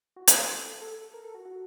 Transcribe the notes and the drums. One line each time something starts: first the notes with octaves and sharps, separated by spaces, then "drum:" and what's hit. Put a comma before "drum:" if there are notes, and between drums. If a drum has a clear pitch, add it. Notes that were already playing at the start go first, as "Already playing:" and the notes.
F#4
A4, drum: hi-hat
A4
A4
A#4
A4
F#4
F#4